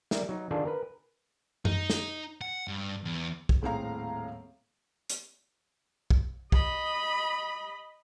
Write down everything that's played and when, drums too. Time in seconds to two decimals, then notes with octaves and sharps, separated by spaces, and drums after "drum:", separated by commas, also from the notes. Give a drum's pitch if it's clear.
0.11 G3 A#4 E5, drum: snare
0.29 F#3 D#4
0.51 D#3 D4 F4 G#4 A4 D5
0.65 A#4 B4
1.65 D#4, drum: tom F#2
1.90 drum: snare
2.41 F#5
2.68 G2
3.05 E2
3.49 drum: kick A#1
3.62 D#1 A2 C4 G#4 F5 A#5
5.10 drum: hi-hat
6.11 drum: kick A#1
6.52 D#5 B5, drum: kick A#1